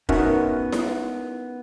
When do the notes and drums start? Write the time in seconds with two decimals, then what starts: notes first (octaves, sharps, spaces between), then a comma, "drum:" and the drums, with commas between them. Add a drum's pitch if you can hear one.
0.09 B3 C#4 D#4 F#4 A#4 E5, drum: kick
0.73 drum: snare E4